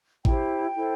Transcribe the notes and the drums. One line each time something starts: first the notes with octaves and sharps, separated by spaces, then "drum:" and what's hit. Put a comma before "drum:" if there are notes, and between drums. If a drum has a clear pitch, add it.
E4 G4 C5 G5, drum: kick
E4 A4 C5